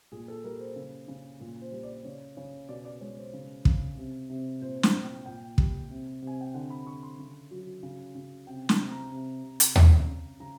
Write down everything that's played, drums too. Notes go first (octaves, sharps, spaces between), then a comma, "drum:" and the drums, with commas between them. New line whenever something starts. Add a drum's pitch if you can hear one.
A#2 G#4
A4
G3 A#4
C5
C#3
C#3
A#2
C5
G3
D5
C#3 C#5
C#3 C#5
B2 D5
D5
G#3 C#5
C5
C#3
C#3, drum: kick
C3
C3
A#2 C5
F5, drum: snare
A#2
G5
A#2 G5
G3, drum: kick
C3
C3 G#5
G5
D3 F#5
B5
D3 C#6
C6
C#3
F#3
C#3
C#3
C3 G5
A5, drum: snare
C3
A#5
C3
C3
drum: hi-hat
C#3, drum: tom D#2
C#3
C#3 A#5